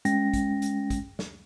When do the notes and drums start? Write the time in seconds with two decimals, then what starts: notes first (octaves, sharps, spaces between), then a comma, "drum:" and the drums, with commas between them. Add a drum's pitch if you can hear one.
0.05 G#3 C#4 G5 A#6, drum: hi-hat
0.34 drum: kick, hi-hat
0.62 drum: hi-hat
0.90 drum: kick, hi-hat
1.19 drum: snare